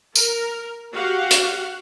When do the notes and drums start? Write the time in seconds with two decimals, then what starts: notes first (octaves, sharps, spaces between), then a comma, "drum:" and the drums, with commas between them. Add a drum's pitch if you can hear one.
0.15 A#4, drum: tambourine
0.93 F#4 G4 F5 F#5
1.31 drum: hi-hat